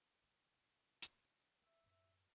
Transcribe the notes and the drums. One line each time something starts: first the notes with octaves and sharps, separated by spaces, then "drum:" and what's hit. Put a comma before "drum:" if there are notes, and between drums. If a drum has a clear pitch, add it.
C3 F#3
C3 C#4
drum: hi-hat
D3 E5 E6
F#2 A2